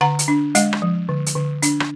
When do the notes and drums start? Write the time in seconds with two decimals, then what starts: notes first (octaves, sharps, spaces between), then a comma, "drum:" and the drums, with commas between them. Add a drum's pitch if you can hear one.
0.01 D3 F#5 A#5
0.19 drum: hi-hat
0.28 D4
0.55 G#3 D#5 F#5, drum: hi-hat
0.73 drum: rim click
0.82 F3
1.09 D3
1.26 drum: hi-hat
1.36 D3
1.62 D4, drum: hi-hat
1.80 drum: rim click